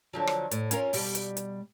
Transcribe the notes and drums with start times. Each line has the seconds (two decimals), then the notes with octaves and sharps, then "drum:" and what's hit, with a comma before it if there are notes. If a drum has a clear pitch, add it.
0.13 D3 F3 F#3
0.27 drum: rim click
0.51 A2, drum: hi-hat
0.71 C#4 F4 A#4, drum: hi-hat
0.93 B2 G3, drum: open hi-hat
1.15 drum: hi-hat
1.37 drum: hi-hat